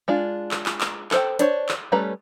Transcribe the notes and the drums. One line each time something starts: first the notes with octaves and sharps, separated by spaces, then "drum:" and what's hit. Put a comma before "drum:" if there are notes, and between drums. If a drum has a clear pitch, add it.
G#3 D4 F4
drum: clap
drum: clap
drum: clap
A4 C5 G5, drum: clap
D4 C5 C#5, drum: hi-hat
drum: clap
G3 A3 C#4 B4 A#5